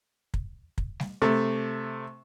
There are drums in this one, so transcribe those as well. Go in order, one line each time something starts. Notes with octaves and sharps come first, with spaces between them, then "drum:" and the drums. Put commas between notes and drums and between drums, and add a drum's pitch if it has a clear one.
drum: kick
drum: kick
drum: snare G3
C3 A3